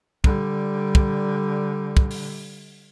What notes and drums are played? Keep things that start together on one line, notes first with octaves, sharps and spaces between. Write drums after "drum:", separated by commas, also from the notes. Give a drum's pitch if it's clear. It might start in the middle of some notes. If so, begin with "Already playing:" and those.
D3 G3, drum: kick
drum: kick
drum: kick
drum: open hi-hat